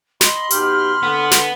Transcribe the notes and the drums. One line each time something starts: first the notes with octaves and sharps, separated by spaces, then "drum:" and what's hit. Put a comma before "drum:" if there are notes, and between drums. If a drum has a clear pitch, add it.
D#5 B5 C6, drum: snare
B2 D#4 G4 F6, drum: hi-hat
D3 B3
drum: snare